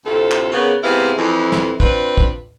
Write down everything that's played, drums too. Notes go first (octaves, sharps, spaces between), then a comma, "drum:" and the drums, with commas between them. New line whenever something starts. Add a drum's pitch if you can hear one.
D2 A2 C3 C4 F4 A4
drum: clap
C#3 A#3 B3
G#2 C3 B3 E4 G#4 F5
F2 E3
drum: snare
C4 D4 F4 B4, drum: kick
drum: kick